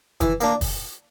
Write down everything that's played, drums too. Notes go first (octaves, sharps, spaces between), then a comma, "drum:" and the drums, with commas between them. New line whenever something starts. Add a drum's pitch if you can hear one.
E3, drum: kick, hi-hat
A#3 D4, drum: hi-hat
drum: kick, open hi-hat